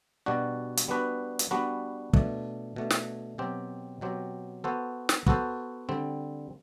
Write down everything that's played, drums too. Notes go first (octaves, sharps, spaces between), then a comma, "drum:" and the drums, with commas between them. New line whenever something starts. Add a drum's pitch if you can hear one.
B2 G3 D4 F#4
drum: hi-hat
G3 B3 D4 F#4 B4
drum: hi-hat
G3 B3 D4 F#4 B4
B2 A3 D4, drum: kick
B2 A3 D4
drum: snare
B2 F#3 C4 G4
B2 F#3 C4 G4
B3 F#4 A4 C5
drum: snare
B3 F#4 A4 C5, drum: kick
D3 G3 C4